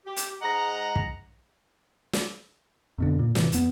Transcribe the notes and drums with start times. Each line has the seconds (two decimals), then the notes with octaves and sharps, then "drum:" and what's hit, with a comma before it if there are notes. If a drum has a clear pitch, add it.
0.06 G4
0.16 drum: hi-hat
0.42 G#2 G#3 D#5 F#5 A#5
0.96 drum: kick
2.13 drum: snare
2.98 F2 B2 D3
3.19 A#2
3.35 G#2 C3 E3, drum: snare
3.52 F2 B3, drum: hi-hat